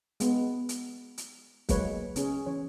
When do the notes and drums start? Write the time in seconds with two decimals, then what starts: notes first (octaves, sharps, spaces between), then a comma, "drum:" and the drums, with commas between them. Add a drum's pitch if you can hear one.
0.20 G#3 B3, drum: hi-hat
0.69 drum: hi-hat
1.18 drum: hi-hat
1.69 F#3 G#3 A#3 B4 C#5, drum: kick, hi-hat
2.16 C#3 C#4 G#4, drum: hi-hat
2.46 E3 C#4 C#5